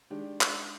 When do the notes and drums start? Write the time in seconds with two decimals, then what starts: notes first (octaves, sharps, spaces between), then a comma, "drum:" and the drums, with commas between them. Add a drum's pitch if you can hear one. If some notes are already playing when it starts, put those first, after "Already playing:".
0.10 D#3 G#3 D4 G4
0.41 drum: clap